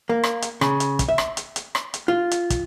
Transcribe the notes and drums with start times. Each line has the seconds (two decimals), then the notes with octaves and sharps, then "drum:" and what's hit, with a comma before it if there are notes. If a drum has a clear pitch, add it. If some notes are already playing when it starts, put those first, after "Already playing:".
0.09 A#3
0.23 drum: rim click
0.42 drum: hi-hat
0.61 C#3, drum: rim click
0.80 drum: hi-hat
0.99 drum: kick, hi-hat
1.09 E5
1.18 drum: rim click
1.37 drum: hi-hat
1.56 drum: hi-hat
1.75 drum: rim click
1.94 drum: hi-hat
2.08 F4
2.31 drum: hi-hat
2.50 drum: kick, hi-hat